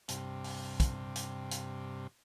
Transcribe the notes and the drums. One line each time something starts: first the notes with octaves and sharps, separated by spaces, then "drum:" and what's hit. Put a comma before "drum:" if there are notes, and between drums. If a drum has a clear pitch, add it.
G2 C3, drum: hi-hat
drum: open hi-hat
drum: kick, hi-hat
drum: hi-hat
drum: hi-hat